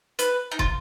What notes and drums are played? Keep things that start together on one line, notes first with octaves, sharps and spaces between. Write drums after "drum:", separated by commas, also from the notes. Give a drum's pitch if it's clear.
B4, drum: hi-hat
D#4
F4, drum: kick